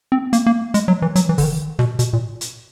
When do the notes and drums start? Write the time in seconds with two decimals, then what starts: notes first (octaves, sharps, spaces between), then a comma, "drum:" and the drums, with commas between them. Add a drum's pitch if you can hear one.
0.12 C4
0.33 A#3, drum: hi-hat
0.46 A#3
0.74 G#3, drum: hi-hat
0.88 F#3
1.02 E3
1.16 F#3, drum: hi-hat
1.29 E3
1.38 D3, drum: kick, open hi-hat
1.43 D#3
1.79 B2, drum: snare
1.99 B2, drum: hi-hat
2.13 A#2
2.41 drum: hi-hat